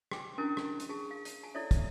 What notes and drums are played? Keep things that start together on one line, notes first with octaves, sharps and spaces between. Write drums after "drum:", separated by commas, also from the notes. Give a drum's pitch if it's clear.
G5 G#5 D6, drum: rim click
C#4 D4 E4 A#4 G#5
drum: rim click
drum: hi-hat
G#4 A5
F5
drum: hi-hat
G#5 A5
E4 A4 C#5 D5 E5
drum: kick, hi-hat